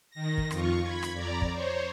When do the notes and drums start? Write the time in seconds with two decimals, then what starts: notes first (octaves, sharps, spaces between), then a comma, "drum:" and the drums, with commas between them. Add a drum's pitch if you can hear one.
0.10 D#3 A#6
0.38 drum: kick
0.51 F2 F4 C#6, drum: rim click
0.82 B5 G#6
1.03 drum: rim click
1.12 F2 D5 A#5
1.42 drum: kick
1.51 C5 C#5